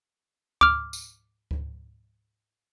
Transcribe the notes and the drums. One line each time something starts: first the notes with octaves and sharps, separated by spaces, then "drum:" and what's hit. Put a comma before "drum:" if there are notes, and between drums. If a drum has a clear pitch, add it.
D6 F6, drum: kick D2
drum: tambourine
drum: kick D2